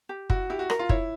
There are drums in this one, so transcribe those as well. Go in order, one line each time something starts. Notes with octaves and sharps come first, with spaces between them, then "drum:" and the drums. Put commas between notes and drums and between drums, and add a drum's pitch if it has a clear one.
G4
E4 F#4, drum: kick
E4 G4
F#4
A#4, drum: rim click
F4
E4 C#5, drum: kick